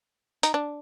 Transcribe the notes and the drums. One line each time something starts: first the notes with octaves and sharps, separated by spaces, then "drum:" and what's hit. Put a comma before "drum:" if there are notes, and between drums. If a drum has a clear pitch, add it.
D#4, drum: hi-hat
D4